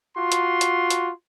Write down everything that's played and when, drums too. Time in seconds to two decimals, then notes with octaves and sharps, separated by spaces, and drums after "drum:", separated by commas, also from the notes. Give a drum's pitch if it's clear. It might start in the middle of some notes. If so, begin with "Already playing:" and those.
0.17 F4 F#4 C6
0.32 drum: hi-hat
0.61 drum: hi-hat
0.90 drum: hi-hat